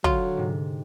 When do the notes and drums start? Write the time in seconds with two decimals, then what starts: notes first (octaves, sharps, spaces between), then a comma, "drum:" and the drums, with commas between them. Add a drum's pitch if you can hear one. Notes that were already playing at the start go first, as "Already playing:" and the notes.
0.04 D3 F#3 F4, drum: kick
0.37 G#2 C3